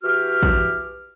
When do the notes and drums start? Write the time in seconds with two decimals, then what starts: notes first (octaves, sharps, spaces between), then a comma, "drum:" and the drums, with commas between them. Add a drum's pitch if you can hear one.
0.04 E3 F#4 G4 F6
0.43 drum: kick A1